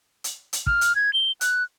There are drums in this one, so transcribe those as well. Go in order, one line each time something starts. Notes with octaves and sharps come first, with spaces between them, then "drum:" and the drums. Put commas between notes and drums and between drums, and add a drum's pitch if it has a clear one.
drum: hi-hat
drum: hi-hat
F6, drum: kick
drum: hi-hat
G#6
G7
F#6, drum: hi-hat